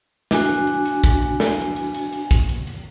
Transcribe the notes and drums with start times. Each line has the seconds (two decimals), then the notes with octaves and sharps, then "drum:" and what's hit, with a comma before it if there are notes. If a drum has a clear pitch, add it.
0.31 D4 F#4 G#5, drum: snare
0.49 drum: hi-hat
0.67 drum: hi-hat
0.85 drum: hi-hat
1.04 drum: kick, hi-hat
1.22 drum: hi-hat
1.40 drum: snare
1.58 drum: hi-hat
1.76 drum: hi-hat
1.94 drum: hi-hat
2.13 drum: hi-hat
2.31 drum: kick, hi-hat
2.49 drum: hi-hat
2.67 drum: hi-hat